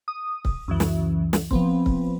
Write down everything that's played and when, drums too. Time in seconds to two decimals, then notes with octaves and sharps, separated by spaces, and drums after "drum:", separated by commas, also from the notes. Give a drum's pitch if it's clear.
0.08 D#6
0.45 drum: kick C#1
0.68 C#2 F#2 E3
0.80 drum: snare
1.33 drum: snare
1.51 F3 B3 C4, drum: kick C#1
1.86 drum: kick C#1